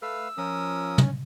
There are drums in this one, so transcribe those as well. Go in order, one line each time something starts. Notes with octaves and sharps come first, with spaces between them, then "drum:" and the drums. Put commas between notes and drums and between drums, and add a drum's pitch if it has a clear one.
A3 B4 F5 E6
F3 C#4 A#4 D#6
drum: tom